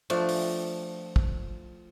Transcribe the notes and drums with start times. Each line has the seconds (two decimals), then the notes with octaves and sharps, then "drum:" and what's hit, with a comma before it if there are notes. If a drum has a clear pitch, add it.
0.10 F3 A3 D4, drum: cymbal
0.29 drum: open hi-hat
1.16 drum: kick